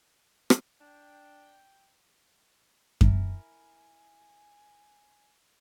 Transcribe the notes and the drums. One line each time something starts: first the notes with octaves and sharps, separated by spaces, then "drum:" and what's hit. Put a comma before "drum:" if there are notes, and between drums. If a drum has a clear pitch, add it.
drum: rim click
D4 G5
E4 A#4 G#5, drum: kick F#2